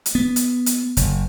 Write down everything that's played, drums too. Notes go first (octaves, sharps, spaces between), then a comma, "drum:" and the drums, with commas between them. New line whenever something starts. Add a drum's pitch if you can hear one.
drum: hi-hat
B3
drum: hi-hat
drum: hi-hat
F#1, drum: hi-hat